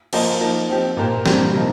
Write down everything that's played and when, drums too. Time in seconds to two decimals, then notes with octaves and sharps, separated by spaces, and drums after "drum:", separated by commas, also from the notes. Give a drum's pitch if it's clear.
0.13 F3 A#3 F4 C5 D#5, drum: cymbal
0.41 F3 A#3 D#4
0.70 F3 C4 G4
0.97 A#2 A#3 G4 C5
1.26 G2 G3 A#3 G4 C5, drum: snare
1.54 C3 F3 A#3 D#4